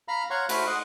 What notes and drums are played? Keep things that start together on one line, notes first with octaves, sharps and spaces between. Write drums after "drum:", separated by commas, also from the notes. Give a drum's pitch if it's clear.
F5 A#5 B5 F6
C#5 F5 F#5 A#5 C6 C#6
A3 F#4 C5 B5 F6, drum: cymbal
D#5 F#5 C6